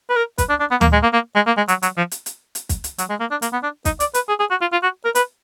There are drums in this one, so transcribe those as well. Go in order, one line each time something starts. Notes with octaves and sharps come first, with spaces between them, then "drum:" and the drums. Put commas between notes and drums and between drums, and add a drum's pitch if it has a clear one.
B4
A#4
B4, drum: kick, hi-hat
D4
D4
B3
A#3, drum: tom D2
G#3
A#3
A#3
G#3
A#3
G#3
F#3, drum: hi-hat
F#3, drum: hi-hat
F3
drum: hi-hat
drum: hi-hat
drum: hi-hat
drum: kick, hi-hat
drum: hi-hat
F#3, drum: hi-hat
G#3
A#3
D4
A#3, drum: hi-hat
B3
D4
D#4, drum: kick, hi-hat
D5, drum: hi-hat
B4, drum: hi-hat
G#4
G#4
F#4
F4
F4
F#4
A#4
B4, drum: hi-hat